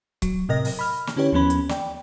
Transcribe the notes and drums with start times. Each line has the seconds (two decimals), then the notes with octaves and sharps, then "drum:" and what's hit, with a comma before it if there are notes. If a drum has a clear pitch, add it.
0.22 F#3, drum: kick C#1, hi-hat
0.49 A2 C3 A#4 D#5 A#6
0.65 drum: open hi-hat
0.79 B5 F6
1.07 drum: snare
1.16 D3 C#4 E4 G4 B4 C#5
1.32 D#2 F3 B3 C#4 B5
1.50 drum: hi-hat
1.69 D5 G5, drum: snare